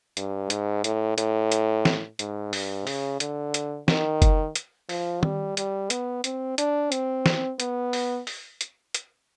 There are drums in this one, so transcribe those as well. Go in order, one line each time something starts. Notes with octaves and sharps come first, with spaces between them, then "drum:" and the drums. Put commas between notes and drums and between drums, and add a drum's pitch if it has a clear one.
G2, drum: hi-hat
G#2, drum: hi-hat
A2, drum: hi-hat
A2, drum: hi-hat
drum: hi-hat
drum: snare
G#2, drum: hi-hat
G2, drum: open hi-hat
C#3, drum: open hi-hat
D3, drum: hi-hat
drum: hi-hat
D#3, drum: snare
drum: kick F#1, hi-hat
drum: hi-hat
F3, drum: open hi-hat
G3, drum: tom D#3
G3, drum: hi-hat
B3, drum: hi-hat
C4, drum: hi-hat
D4, drum: hi-hat
C4, drum: hi-hat
drum: snare
B3, drum: hi-hat
drum: open hi-hat
drum: open hi-hat
drum: hi-hat
drum: hi-hat